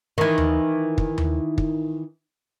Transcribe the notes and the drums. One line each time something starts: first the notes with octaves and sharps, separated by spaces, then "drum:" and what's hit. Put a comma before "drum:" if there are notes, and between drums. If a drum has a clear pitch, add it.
D#3 E3
drum: tom D#2
drum: kick
drum: tom D#2
drum: kick